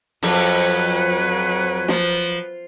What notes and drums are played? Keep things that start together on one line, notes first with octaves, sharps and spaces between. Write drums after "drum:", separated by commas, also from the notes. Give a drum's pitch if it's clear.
F2 F#3 B4, drum: open hi-hat
F3, drum: snare